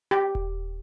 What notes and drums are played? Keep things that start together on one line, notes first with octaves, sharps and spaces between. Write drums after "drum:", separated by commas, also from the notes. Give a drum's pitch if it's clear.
G4
drum: kick D#1